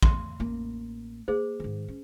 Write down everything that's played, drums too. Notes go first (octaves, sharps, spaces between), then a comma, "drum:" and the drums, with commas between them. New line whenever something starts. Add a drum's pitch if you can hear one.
C6, drum: kick
A1 A#3
A#3 G#4 C5
G#2 D#3
C#4